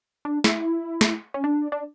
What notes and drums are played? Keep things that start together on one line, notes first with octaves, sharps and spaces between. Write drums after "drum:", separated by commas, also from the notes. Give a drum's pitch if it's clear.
D4
E4, drum: snare
drum: snare
C#4
D4
D4